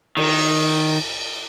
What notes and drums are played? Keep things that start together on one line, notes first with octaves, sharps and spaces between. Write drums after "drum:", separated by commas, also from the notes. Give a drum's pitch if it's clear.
D#3, drum: cymbal